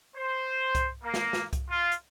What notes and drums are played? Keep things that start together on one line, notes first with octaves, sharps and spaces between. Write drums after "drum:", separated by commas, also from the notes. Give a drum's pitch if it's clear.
C5
drum: kick C2, hi-hat
A#3
drum: snare
drum: snare
drum: kick C2, hi-hat
F4
drum: hi-hat